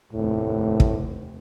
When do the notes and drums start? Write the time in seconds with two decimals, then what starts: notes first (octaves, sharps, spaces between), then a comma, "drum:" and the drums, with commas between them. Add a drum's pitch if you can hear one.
0.13 F1 D#2 A2
0.80 drum: kick